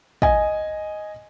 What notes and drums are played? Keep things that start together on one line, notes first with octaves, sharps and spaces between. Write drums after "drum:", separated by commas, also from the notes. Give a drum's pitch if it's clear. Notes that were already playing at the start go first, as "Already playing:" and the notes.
D#5 G#5, drum: kick